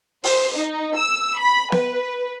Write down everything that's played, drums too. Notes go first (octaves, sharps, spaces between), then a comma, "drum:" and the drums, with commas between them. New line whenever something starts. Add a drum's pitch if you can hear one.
C5, drum: open hi-hat
D#4
E6
B5
B4, drum: snare B3